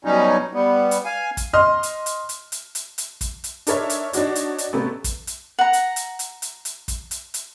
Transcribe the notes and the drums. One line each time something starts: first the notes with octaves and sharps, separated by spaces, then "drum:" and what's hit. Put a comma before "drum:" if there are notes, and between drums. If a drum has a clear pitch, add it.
B2 F#3 G3 C#4 D#4
G3 B3
drum: hi-hat
F5 G#5
drum: kick, hi-hat
D#5 C6 F6
drum: hi-hat
drum: hi-hat
drum: hi-hat
drum: hi-hat
drum: hi-hat
drum: hi-hat
drum: kick, hi-hat
drum: hi-hat
D4 D#4 A4 A#4 C#5 E5, drum: hi-hat
drum: hi-hat
D4 D#4 F#4 C#5, drum: hi-hat
drum: hi-hat
drum: hi-hat
A1 C3 A3 B3
drum: kick, hi-hat
drum: hi-hat
F#5 A#5
drum: hi-hat
drum: hi-hat
drum: hi-hat
drum: hi-hat
drum: hi-hat
drum: kick, hi-hat
drum: hi-hat
drum: hi-hat